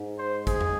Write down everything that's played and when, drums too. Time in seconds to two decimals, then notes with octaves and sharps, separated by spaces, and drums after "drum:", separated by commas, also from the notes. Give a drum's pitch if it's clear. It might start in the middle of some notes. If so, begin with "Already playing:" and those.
Already playing: G#2
0.18 C5
0.47 G#4, drum: kick, hi-hat
0.61 drum: tom